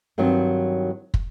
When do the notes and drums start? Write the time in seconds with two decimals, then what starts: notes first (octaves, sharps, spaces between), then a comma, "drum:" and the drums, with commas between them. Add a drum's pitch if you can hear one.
0.18 G2 D#3 F#3 C4
1.14 drum: kick